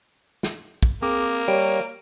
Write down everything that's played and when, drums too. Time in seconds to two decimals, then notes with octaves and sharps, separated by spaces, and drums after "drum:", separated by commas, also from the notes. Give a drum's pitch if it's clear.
0.43 drum: snare
0.83 drum: kick
1.02 A#3 C4 G#4 D6
1.48 G3 C#5 D7